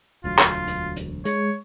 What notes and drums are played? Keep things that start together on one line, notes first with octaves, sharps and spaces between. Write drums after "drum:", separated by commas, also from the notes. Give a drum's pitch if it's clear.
E1 D2 F#3 F4
drum: clap
drum: hi-hat
drum: hi-hat
G#3 C#5, drum: hi-hat